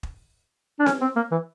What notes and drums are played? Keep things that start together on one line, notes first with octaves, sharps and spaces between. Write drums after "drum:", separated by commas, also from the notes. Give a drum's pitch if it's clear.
drum: kick
D4
C#4, drum: snare C4
C4
A#3
E3